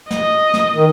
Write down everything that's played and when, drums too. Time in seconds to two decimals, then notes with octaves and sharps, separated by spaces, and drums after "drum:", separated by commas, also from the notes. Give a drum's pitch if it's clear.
0.11 D#5, drum: snare
0.54 drum: snare
0.75 D#3